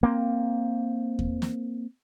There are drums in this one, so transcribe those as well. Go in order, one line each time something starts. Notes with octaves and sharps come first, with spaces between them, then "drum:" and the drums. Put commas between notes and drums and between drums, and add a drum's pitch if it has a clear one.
A#3 C4
drum: kick E2
drum: snare